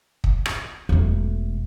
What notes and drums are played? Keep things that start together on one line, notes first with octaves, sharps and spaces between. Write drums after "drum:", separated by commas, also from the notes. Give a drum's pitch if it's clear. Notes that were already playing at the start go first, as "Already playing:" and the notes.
drum: kick
drum: rim click
E1 A3